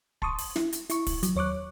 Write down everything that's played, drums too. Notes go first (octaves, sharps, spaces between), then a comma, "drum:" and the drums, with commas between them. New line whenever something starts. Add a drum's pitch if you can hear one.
A5 C6 C#6 D#6, drum: kick
drum: open hi-hat
E4, drum: snare
drum: hi-hat
E4 C#6, drum: hi-hat
drum: kick, open hi-hat
F#3, drum: hi-hat
D#2 C#5 C#6 D6 F#6